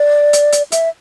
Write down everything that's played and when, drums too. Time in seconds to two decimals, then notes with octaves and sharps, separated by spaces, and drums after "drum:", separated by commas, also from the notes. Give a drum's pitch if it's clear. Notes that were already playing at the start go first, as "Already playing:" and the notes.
Already playing: D5
0.33 drum: hi-hat
0.52 drum: hi-hat
0.72 E5, drum: hi-hat